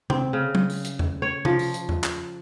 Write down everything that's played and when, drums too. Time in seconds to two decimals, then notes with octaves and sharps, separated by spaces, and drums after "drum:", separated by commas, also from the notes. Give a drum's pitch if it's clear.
0.10 C4, drum: tom C3
0.33 C#3
0.55 drum: tom
0.70 drum: open hi-hat
0.84 drum: hi-hat
0.99 drum: tom E2
1.22 C#5
1.45 F3, drum: tom C3
1.59 drum: open hi-hat
1.74 drum: hi-hat
1.89 drum: tom E2
2.04 drum: clap